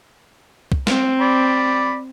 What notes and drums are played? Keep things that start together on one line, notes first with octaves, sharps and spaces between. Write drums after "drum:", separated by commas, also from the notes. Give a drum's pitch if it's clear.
drum: kick
C4, drum: snare
D5 B5